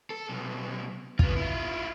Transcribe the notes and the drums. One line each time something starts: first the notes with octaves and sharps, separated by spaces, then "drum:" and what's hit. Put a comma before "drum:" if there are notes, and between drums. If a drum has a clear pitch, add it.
A4
C2 B2
B3 F4, drum: kick
E4 F4